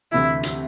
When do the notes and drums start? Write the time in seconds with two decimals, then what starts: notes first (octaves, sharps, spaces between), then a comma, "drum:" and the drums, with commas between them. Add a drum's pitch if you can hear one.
0.12 D2 C3 E3 E4
0.43 drum: hi-hat